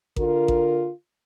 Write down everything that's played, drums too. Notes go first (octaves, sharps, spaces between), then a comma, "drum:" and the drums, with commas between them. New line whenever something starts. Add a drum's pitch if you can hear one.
D3 F4 A#4, drum: kick A1
drum: kick A1